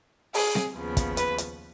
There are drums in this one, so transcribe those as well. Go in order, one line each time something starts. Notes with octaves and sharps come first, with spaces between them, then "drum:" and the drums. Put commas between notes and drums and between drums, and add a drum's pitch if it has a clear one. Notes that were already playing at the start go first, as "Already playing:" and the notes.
G#4, drum: open hi-hat
drum: snare C4
D#2 C#3 F3 B3
drum: kick, hi-hat
B4, drum: hi-hat
drum: hi-hat